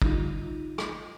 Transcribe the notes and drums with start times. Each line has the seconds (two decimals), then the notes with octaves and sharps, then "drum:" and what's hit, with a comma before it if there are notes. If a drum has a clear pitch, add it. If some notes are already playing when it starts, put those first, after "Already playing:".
0.02 D3 G3 D#4 F4, drum: kick
0.78 drum: rim click